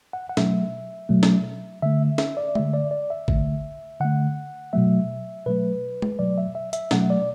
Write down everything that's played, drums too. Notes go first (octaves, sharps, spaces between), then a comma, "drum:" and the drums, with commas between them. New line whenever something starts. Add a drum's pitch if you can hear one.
F#5
F#5
B2 F#3 A3 E5, drum: snare
B2 F#3 A3
drum: snare
D3 A3 E5
E5, drum: snare
D5
D3 A3 E5, drum: tom G#3
D5
D5
E5
D3 A3, drum: kick G#1
D3 A3 F#5
B2 F#3 A3 E5
B2 F#3 A3 B4
drum: tom G#3
B2 F#3 A3 D5
E5
E5
E5, drum: hi-hat
B2 F#3 A3 F#5, drum: snare
D5